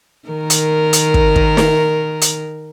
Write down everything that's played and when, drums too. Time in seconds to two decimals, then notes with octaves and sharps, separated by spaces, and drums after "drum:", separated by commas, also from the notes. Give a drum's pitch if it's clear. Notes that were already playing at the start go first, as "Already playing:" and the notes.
0.28 D#3 A#4
0.50 drum: hi-hat
0.93 drum: hi-hat
1.14 drum: kick
1.36 drum: kick
1.57 drum: snare
2.21 drum: hi-hat